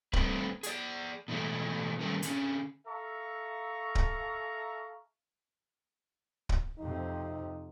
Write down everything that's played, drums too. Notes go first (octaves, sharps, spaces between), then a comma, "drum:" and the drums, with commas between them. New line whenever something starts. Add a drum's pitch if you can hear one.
G3 A3 C4 D4 B4, drum: kick
G#4 D5, drum: hi-hat
B2 E3 G#3 A3
D#3 G3 A3 C#4 A#4 B4
D3 C#4, drum: hi-hat
A4 E5 F5 A#5 C#6
drum: kick
drum: kick
F2 C3 D#4